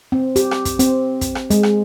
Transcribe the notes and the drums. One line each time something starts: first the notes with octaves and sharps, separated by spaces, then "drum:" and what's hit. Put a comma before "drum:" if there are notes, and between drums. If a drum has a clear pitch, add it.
C4
G4, drum: hi-hat
drum: rim click
drum: kick, hi-hat
C4, drum: hi-hat
drum: kick, hi-hat
drum: rim click
G#3, drum: hi-hat
drum: rim click